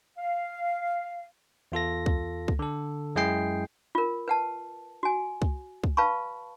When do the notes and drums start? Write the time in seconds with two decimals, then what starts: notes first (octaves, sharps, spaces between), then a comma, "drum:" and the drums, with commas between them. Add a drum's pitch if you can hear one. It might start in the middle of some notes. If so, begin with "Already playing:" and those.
0.18 F5
1.72 E2 F4 A4 A#6
2.06 drum: kick
2.48 drum: kick
2.59 D3 A4
3.16 F#2 G#3 E4 G#4 G5 C7
3.95 F4 A#4
4.28 B4 F#5 A5
5.03 F#4 G#5
5.42 drum: kick
5.84 drum: kick
5.97 B4 F5 A5 B5 C#6